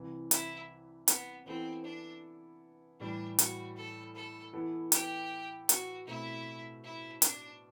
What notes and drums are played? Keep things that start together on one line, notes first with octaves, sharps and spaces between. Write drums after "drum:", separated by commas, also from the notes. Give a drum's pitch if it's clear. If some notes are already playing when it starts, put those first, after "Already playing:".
Already playing: C2 C3 E3
E4, drum: hi-hat
B3, drum: hi-hat
E3 B3 C4 E4 A4
D4
A2 E3 G3 D4
F#4, drum: hi-hat
A4
A4
E3 B3 E4 A4
G4, drum: hi-hat
F#4, drum: hi-hat
B2 A3 C4 E4
E4
D4, drum: hi-hat